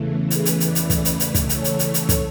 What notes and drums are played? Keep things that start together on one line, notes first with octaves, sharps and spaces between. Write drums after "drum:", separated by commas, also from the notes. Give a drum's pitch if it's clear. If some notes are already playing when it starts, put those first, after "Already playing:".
Already playing: E2 C#3 E3 A3
G#4 B4, drum: hi-hat
drum: hi-hat
B4 D5, drum: hi-hat
drum: hi-hat
B4 D5, drum: kick, hi-hat
drum: hi-hat
drum: hi-hat
drum: kick, hi-hat
A4 C#5, drum: hi-hat
drum: hi-hat
drum: hi-hat
drum: hi-hat
drum: kick, hi-hat